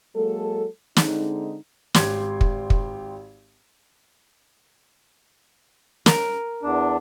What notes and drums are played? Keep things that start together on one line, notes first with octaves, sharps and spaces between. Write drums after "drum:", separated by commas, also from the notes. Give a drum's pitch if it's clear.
F#3 G#3 A#3 A4
D3 G#3 C4 D#4, drum: snare
G#1 G4 C6 G#6, drum: snare
drum: kick
drum: kick
A#4, drum: snare
E2 D4